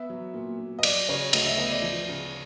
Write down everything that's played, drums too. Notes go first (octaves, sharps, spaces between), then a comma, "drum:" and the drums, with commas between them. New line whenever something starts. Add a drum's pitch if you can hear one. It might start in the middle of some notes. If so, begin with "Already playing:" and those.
Already playing: B3 E5
F#3
A#2
A#2
D#5
F#3 D5, drum: cymbal
C#3 C#5
D2 D#5, drum: cymbal
E5
B3 D#5
D5
F3
C#3